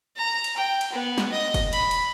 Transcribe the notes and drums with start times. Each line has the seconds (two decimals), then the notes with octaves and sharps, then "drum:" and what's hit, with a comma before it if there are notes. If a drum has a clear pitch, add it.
0.17 A#5
0.44 drum: cymbal
0.56 G5
0.81 drum: cymbal
0.92 B3
1.18 drum: snare
1.32 D#5
1.54 drum: kick, cymbal
1.73 B5, drum: cymbal
1.91 drum: cymbal